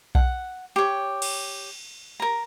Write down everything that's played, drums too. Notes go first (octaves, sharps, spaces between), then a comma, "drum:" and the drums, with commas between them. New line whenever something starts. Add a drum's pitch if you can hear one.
F#5, drum: kick B1
G4 C#5
drum: cymbal
A#4 A#5